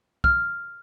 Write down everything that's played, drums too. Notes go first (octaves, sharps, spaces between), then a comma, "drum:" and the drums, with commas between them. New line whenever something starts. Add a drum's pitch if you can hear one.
F6, drum: kick